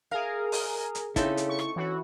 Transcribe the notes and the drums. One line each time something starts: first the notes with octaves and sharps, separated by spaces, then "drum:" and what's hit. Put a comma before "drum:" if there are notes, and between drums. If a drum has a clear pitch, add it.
G#4 A#4 F5
drum: open hi-hat
drum: hi-hat
C#3 C4 D#4 E4 A4, drum: kick, hi-hat
drum: hi-hat
C#6
drum: rim click
E3 C#4 F#4